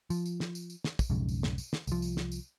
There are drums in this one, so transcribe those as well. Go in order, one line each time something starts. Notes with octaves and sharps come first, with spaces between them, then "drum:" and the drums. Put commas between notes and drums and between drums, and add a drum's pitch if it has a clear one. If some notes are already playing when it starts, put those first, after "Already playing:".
F3, drum: tambourine
drum: tambourine
drum: snare
drum: tambourine
drum: tambourine
drum: snare
drum: kick, tambourine
B1 F2 G#2 C#3
drum: tambourine
drum: snare
drum: tambourine
drum: snare
C2 F3, drum: tambourine
drum: tambourine
drum: snare
drum: tambourine